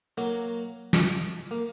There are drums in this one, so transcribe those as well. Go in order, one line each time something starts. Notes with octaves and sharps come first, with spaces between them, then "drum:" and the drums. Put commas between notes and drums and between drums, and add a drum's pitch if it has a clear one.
F#3 A#3, drum: hi-hat
drum: snare
A#3